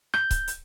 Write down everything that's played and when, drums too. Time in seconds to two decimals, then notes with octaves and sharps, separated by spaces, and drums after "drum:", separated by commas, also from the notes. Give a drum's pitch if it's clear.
0.14 G6, drum: rim click
0.31 drum: kick C#1, hi-hat
0.48 drum: hi-hat